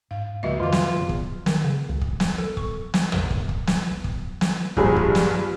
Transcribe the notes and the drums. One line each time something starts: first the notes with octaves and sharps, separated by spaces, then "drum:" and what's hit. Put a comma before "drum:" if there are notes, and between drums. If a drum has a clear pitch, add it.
G#2 F5
C#2 C#3 F3 A#3 F#4 D#5 E5
F2 C3 D#3 F4 D6
drum: snare
F#1 E2 C#3 F3
drum: kick
D#3, drum: snare
C#3
C#2
drum: kick
drum: snare
A4
C#6, drum: kick
drum: snare
drum: tom
drum: kick
drum: kick
drum: snare
drum: kick
drum: snare
A#1 G2 G#4, drum: kick
drum: kick
drum: snare